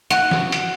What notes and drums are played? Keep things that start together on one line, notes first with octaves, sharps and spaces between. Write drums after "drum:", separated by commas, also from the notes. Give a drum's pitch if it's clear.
F#4, drum: hi-hat
drum: snare
drum: hi-hat